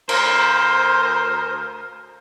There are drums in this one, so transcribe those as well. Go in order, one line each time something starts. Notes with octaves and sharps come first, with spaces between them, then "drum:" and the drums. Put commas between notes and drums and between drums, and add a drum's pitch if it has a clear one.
D2 A#4 C5, drum: cymbal